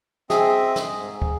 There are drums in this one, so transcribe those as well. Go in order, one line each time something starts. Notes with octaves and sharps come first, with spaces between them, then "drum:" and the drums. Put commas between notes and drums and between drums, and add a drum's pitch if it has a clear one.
C4 G#4 D#5 E5, drum: snare
drum: snare
G#2
drum: kick